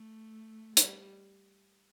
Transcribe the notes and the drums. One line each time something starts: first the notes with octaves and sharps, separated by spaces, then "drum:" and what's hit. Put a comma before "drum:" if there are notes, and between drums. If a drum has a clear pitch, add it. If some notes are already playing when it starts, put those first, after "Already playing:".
Already playing: A3
G3, drum: hi-hat